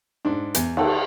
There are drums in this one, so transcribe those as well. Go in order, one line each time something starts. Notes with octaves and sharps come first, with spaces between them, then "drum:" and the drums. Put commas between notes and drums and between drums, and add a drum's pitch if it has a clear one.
G#2 D4
E2, drum: hi-hat
D#3 A4, drum: cymbal